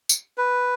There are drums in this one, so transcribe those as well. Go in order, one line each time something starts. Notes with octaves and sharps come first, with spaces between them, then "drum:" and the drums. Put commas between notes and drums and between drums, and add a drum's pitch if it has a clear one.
drum: tambourine
B4